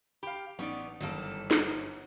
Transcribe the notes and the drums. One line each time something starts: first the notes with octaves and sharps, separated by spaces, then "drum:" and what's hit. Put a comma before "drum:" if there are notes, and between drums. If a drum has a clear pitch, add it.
G4 F5 B5
A1 B3 C#4 D#4 D5
G1 F#2 D#3 E3 G3 A#3 A4 F#5
drum: snare